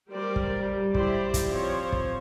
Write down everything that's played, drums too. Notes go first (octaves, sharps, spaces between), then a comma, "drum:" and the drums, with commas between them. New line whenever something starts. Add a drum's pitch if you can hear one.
G3 G4 A#4 C5 D5
drum: kick
G3
E4 G4 C5 D5, drum: kick
drum: kick, hi-hat
F3 C4 C5 C#5
drum: kick